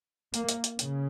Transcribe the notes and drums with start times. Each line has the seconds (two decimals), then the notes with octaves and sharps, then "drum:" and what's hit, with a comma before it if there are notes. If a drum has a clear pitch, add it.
0.34 A#3, drum: hi-hat
0.49 drum: hi-hat
0.64 drum: hi-hat
0.79 C#3, drum: hi-hat